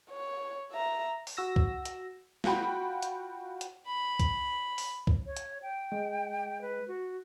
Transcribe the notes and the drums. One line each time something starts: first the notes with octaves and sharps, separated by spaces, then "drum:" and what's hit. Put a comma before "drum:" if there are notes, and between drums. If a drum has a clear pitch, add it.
C#5
E5 A#5
drum: open hi-hat
F#4 E6 A#6
drum: kick C2
drum: hi-hat
F4 F#4 G5 B5, drum: snare
drum: hi-hat
drum: hi-hat
B5
drum: kick C2, hi-hat
drum: open hi-hat
drum: kick C2
C#5
drum: hi-hat
G5
G#3
B4
F#4